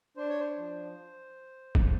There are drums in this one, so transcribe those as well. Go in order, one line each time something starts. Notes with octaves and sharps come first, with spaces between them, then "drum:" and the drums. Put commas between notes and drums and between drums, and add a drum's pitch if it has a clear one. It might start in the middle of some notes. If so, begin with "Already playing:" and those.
D4 C5
C#5
C5
F3
drum: kick